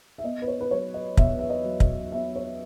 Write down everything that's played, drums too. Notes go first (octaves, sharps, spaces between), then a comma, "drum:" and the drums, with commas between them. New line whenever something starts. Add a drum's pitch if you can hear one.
E5
B3 D#5
B4
C#5
B4
F#3 C#5
D#5
E2 E5, drum: kick
E5
D#5
F#3
D#5, drum: kick
B3 E5
C#5